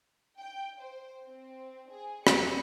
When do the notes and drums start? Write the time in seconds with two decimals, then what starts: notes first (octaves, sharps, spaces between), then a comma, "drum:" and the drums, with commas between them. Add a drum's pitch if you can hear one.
0.38 G5
0.80 C5
1.26 C4
1.90 G#4
2.27 C#7, drum: rim click